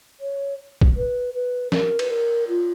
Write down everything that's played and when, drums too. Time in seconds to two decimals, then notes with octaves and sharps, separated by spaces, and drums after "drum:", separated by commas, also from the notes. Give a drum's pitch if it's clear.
0.20 C#5
0.81 drum: kick B1
0.96 B4
1.34 B4
1.72 A#4, drum: snare
1.99 B4, drum: cymbal
2.10 A#4
2.48 F4